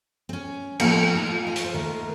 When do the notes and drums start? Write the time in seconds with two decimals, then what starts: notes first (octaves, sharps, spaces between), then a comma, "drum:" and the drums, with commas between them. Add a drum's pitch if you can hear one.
0.29 C4
0.33 C#4
0.80 A2 F3 A3 A#3, drum: cymbal
0.92 A#3
1.03 C4
1.16 D#4
1.27 F4
1.47 D#5
1.56 C#5, drum: hi-hat
1.64 C5
1.74 D#2 D#3 A3 A#4